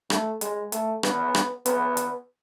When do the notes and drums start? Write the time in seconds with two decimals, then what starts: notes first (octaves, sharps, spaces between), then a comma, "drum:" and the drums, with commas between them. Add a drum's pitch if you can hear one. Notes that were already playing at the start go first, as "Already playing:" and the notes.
0.10 A3, drum: rim click
0.41 G#3, drum: hi-hat
0.72 A3, drum: hi-hat
1.03 B3, drum: rim click
1.35 drum: rim click
1.66 B3, drum: hi-hat
1.97 drum: hi-hat